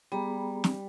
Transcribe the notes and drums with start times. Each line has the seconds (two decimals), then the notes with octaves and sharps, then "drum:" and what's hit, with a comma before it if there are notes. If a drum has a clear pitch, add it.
0.12 G3 B3 G#4 A#5
0.64 drum: snare